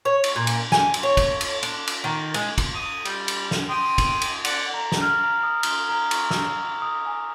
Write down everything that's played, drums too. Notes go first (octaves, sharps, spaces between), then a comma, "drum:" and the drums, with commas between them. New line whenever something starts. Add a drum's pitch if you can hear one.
C#5
drum: cymbal
A#2
drum: cymbal
G#5, drum: snare
drum: cymbal
C#5
drum: kick, cymbal
drum: cymbal
D4, drum: cymbal
drum: cymbal
D#3
G#3, drum: cymbal
drum: kick, cymbal
D#6
G3, drum: cymbal
drum: cymbal
drum: snare
G5 C6 D#6
drum: kick, cymbal
drum: cymbal
D5 F#5, drum: cymbal
A#5
drum: snare
F6
A#5
D#6
G7, drum: cymbal
A#5
C#6, drum: cymbal
E6, drum: snare
D#6
G#5